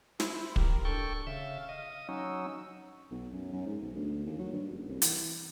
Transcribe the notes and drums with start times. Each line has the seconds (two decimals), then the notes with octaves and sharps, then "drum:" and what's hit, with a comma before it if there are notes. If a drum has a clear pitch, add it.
0.20 E4 C5, drum: snare
0.56 G4 A#4, drum: kick
0.85 D4 A4 G5 C#6
1.27 C#3 E5 F5
1.69 D#5
2.09 F#3 C#4 D#4 E6
3.11 B1
3.32 F#2
3.52 F#2
3.66 G#2
3.82 B1
3.95 D2
4.26 D#2
4.39 F#3
4.52 G2
4.71 F#1
4.88 C2
5.02 E3, drum: hi-hat